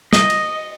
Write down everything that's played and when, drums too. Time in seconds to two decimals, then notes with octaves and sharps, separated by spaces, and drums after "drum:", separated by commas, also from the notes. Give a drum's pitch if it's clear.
0.13 D#5, drum: snare
0.30 drum: cymbal